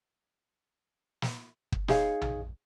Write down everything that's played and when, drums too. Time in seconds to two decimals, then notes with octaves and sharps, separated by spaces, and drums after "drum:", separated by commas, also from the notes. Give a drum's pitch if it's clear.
1.22 drum: snare
1.72 drum: kick
1.88 D#4 G#4 C#5 F5, drum: snare
2.21 drum: tom